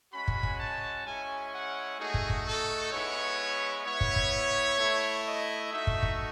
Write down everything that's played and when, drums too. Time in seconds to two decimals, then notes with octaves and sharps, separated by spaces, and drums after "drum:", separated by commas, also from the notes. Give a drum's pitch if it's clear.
0.12 G#3 C#4 F#4 B5
0.28 drum: kick
0.43 drum: kick
0.58 A5
1.05 G#3 C#4 E4 G#5
1.52 F#5
1.98 A3 D#4 F#4 G#4
2.14 drum: kick
2.30 drum: kick
2.45 A4
2.91 G#3 B3 E4 C#5
3.85 B3 E4 C#5
4.01 drum: kick
4.16 drum: kick
4.78 A3 E4
5.25 D#5
5.72 A3 D#4 F#4 E5
5.87 drum: kick
6.03 drum: kick